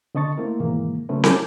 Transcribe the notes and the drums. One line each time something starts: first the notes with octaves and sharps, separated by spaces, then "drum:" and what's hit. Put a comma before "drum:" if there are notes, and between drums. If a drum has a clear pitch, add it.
D3 C4 D#5 A5 C#6 A6
A3 A#3 C4 E4 A#4
G#2 B2 D#3 E3 G#3 A#3
C#3 F#3 A3 C4 C#4 B4
G#5 A5 D6 G6, drum: snare C4